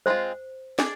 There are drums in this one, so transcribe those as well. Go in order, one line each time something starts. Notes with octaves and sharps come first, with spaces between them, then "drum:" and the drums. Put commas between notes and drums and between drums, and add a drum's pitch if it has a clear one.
G#3 C4 F4 C5
D4 G#4 D5, drum: snare